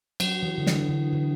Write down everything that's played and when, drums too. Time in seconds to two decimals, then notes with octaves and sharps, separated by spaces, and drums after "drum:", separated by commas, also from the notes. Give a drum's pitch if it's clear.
0.20 F#3, drum: cymbal
0.43 E3
0.58 D3
0.66 E3, drum: snare
0.81 E3
0.89 D3
1.13 D3